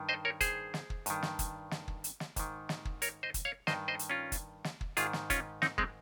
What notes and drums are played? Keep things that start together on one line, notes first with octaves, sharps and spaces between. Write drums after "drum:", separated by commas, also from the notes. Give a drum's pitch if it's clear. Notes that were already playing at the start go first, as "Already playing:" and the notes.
Already playing: G2 D#3
C5 D#5
A#4 C#5
G#4 C5, drum: kick, hi-hat
drum: snare
drum: kick
G2 D#3, drum: hi-hat
drum: snare
drum: kick, hi-hat
drum: snare
drum: kick
drum: hi-hat
drum: snare
G#2 D#3, drum: kick, hi-hat
drum: snare
drum: kick
A#4 C#5, drum: hi-hat
C5 D#5
drum: kick, hi-hat
C#5 F5
G2 D#3 C5 D#5, drum: snare
C5 D#5
drum: hi-hat
C#4 F4
drum: kick, hi-hat
drum: snare
drum: kick
G#2 D#3 F4 G#4, drum: hi-hat
drum: snare
C#4 F4, drum: kick, hi-hat
C4 D#4, drum: snare
G#3 C4, drum: kick